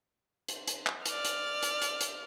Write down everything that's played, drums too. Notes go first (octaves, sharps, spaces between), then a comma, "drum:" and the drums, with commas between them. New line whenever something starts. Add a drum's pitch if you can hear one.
drum: hi-hat
drum: hi-hat
drum: clap
D5 F6, drum: hi-hat
drum: hi-hat
drum: hi-hat
drum: hi-hat
drum: hi-hat